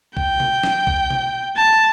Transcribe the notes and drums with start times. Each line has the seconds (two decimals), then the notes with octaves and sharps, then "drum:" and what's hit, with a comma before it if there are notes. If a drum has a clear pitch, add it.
0.17 G5, drum: kick A#1
0.40 drum: tom B2
0.63 drum: snare
0.87 drum: kick A#1
1.10 drum: tom B2
1.57 A5